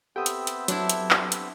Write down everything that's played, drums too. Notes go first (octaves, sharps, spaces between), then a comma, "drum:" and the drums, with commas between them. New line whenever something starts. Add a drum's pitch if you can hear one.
B3 C4 G4 A4 E5 F#5 G5 D#6
drum: hi-hat
drum: hi-hat
F#3 D4 E4, drum: hi-hat
drum: hi-hat
drum: clap
drum: hi-hat